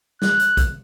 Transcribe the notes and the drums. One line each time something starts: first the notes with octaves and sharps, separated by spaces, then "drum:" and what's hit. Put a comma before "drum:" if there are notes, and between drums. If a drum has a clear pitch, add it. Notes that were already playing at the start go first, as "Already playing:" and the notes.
F#6, drum: snare
drum: hi-hat
drum: kick, hi-hat